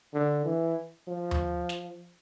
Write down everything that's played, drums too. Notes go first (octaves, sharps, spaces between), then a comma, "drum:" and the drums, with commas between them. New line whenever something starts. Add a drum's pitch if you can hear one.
D3
E3
F3
drum: tom D#2
drum: snare